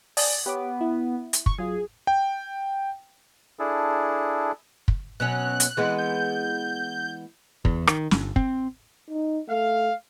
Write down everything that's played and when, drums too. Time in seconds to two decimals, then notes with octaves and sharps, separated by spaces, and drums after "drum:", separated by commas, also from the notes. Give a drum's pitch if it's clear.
0.17 D5 G#5 A5 D#6, drum: open hi-hat
0.46 B3 G4 C#5 D6
0.81 E4
1.33 drum: hi-hat
1.46 C#6, drum: kick
1.58 F#3 F4 G#4
2.07 G5
3.59 D4 E4 G#4 A4
4.88 drum: kick
5.20 B2 F#3 C#4 F#6
5.60 drum: hi-hat
5.77 E3 G#3 B3
5.98 G6
7.65 E2, drum: kick
7.87 D#3, drum: rim click
8.11 G1, drum: snare
8.36 C4, drum: kick
9.10 D#4
9.48 A3 F5